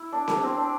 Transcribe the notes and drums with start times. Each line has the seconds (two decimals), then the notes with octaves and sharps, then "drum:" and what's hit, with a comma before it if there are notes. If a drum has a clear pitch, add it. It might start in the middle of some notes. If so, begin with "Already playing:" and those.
Already playing: E4
0.12 D4
0.28 D4, drum: snare C4
0.43 C4
0.57 D4